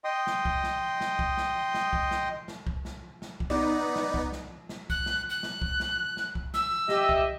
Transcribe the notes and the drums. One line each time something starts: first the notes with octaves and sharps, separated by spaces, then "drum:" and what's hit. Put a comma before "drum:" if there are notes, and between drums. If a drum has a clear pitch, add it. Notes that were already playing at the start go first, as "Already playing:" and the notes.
D#5 G5 C6 D#6
drum: snare
drum: kick C2
drum: snare
drum: snare
drum: kick C2
drum: snare
drum: snare
drum: kick C2
drum: snare
drum: snare
drum: kick C2
drum: snare
drum: snare
drum: kick C2
B3 D#4 D5
drum: snare
drum: kick C2
drum: snare
drum: snare
F#6, drum: kick C2
drum: snare
F#6
drum: snare
drum: kick C2
drum: snare
drum: snare
drum: kick C2
E6, drum: snare
G4 D#5 E5, drum: snare
drum: kick C2